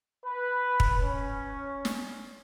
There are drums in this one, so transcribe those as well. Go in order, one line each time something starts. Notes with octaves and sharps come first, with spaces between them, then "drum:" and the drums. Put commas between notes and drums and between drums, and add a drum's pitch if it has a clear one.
B4
drum: kick
C#4
drum: snare